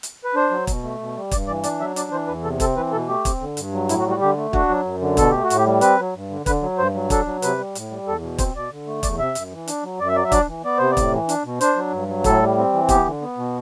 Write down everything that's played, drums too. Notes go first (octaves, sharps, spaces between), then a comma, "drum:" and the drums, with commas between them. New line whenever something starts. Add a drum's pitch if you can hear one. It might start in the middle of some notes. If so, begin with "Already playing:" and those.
drum: hi-hat
B4
D4 C5
F#3
B2, drum: kick, hi-hat
A3
B2
G3
G2 D5, drum: kick, hi-hat
E3 D5
D4 D5, drum: hi-hat
F#3 E5
D4 D5, drum: hi-hat
E3 C5
E2 B4
C3 A4
C4 A4, drum: kick, hi-hat
E3 B4
B2 A4
A3 G4
C4, drum: kick, hi-hat
D3
G2, drum: hi-hat
F#3
A2 E4, drum: hi-hat
F#4
G3
F#4
D3 G4
A3
D4 F#4, drum: kick
F#3
F#2
D3
B2 A4, drum: kick, hi-hat
A3 G4
F#4
A2, drum: hi-hat
G4
G3
C4 B4, drum: hi-hat
F#3
G2
D3
D3 B4, drum: kick, hi-hat
F#3
G2 C5
F#3
D4 A4, drum: kick, hi-hat
F#3
C3 B4, drum: hi-hat
G3
A2, drum: hi-hat
G3
E2 A4
B2
C4 C5, drum: kick, hi-hat
B2 D5
D3
A3
E2 D5, drum: kick, hi-hat
C3 E5
F#2, drum: hi-hat
E3
D4, drum: hi-hat
F#3
F#2 D5
E5
F#3 D5
E5
D4 D5, drum: kick, hi-hat
E3
B3 D5
C3 C5
D5
A2, drum: kick, hi-hat
E3
D4, drum: hi-hat
B2
D4 C5, drum: hi-hat
F#3
G2
F#3
A2 A4, drum: kick, hi-hat
G3
C4
E3
B3 G4, drum: kick, hi-hat
D3
B3
B2